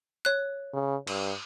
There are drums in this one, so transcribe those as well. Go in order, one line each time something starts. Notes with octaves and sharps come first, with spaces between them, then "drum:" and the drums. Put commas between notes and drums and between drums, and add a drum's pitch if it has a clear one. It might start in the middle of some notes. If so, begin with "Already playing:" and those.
C#5 F#6
C#3
G2, drum: cymbal